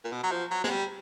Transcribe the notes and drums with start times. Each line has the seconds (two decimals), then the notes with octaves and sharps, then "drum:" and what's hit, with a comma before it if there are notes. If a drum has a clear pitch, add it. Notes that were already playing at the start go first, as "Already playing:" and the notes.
0.04 A#2
0.12 B2
0.23 F#3
0.31 F3
0.51 F#3
0.64 G#3, drum: snare B3
0.70 G3